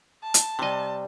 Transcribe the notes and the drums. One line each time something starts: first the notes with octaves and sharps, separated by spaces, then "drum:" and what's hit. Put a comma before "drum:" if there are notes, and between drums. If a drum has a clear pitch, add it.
A5
drum: hi-hat
C3 G3 C5 D#5